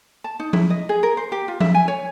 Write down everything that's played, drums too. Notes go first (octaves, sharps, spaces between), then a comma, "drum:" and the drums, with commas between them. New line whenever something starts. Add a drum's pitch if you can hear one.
A5
D#4
E4, drum: tom F3
D#5
G#4
A#4
C5
G4
F4
E5, drum: tom F3
G#5
C#5